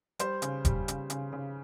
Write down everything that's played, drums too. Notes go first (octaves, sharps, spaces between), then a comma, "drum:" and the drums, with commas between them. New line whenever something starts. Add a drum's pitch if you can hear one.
G3 C5, drum: hi-hat
C#3, drum: hi-hat
G3, drum: kick E1, hi-hat
C#3, drum: hi-hat
C#3, drum: hi-hat
C#3